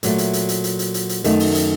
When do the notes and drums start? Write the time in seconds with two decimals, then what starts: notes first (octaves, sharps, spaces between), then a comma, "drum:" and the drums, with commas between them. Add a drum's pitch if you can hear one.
0.03 A#2 F#3 A3, drum: hi-hat
0.18 drum: hi-hat
0.33 drum: hi-hat
0.49 drum: hi-hat
0.64 drum: hi-hat
0.79 drum: hi-hat
0.94 drum: hi-hat
1.09 drum: hi-hat
1.24 F#2 D#3 A3 D#4, drum: hi-hat
1.40 drum: open hi-hat
1.55 drum: hi-hat